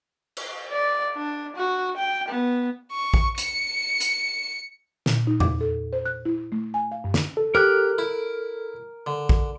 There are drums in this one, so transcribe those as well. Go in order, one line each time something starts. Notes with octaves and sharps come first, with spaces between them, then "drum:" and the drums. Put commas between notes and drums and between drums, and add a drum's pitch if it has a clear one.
drum: cymbal
D5
D4
F#4
G5
B3
C#6
drum: kick A#1
C#7, drum: hi-hat
drum: hi-hat
A#2, drum: snare
D#4
D6, drum: tom E2
A4
C5
F#6
E4
A3
G#5
F5
G2
drum: snare
A4
G4 A#4 F6 F#6
E4
D3
drum: kick A#1